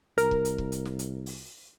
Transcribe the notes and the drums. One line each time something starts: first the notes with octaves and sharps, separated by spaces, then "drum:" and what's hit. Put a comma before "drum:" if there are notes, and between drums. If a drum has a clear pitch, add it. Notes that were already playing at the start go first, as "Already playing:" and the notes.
C2 A#4, drum: hi-hat
drum: kick
drum: hi-hat
drum: kick
drum: hi-hat
drum: snare
drum: hi-hat
drum: open hi-hat